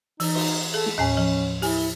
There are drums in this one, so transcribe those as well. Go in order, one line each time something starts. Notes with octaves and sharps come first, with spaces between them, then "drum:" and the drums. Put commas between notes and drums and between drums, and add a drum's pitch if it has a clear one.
E3 D#4, drum: open hi-hat
drum: cymbal
G#4 A4
drum: snare
D#2 A2 C#4 G#5
F3
E4 G4 G#5, drum: open hi-hat